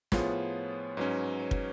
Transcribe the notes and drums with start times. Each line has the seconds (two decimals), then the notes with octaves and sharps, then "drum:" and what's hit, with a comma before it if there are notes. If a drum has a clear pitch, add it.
0.12 A2 F3 B3 F4 G#4 C#5, drum: snare
0.97 G#2 F#3 C#4 B4
1.40 C#5
1.51 drum: kick